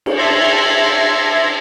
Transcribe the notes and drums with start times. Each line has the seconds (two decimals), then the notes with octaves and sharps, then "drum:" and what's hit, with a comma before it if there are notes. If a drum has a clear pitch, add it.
0.06 drum: cymbal
0.17 E5 A5 C6 G#6 A#6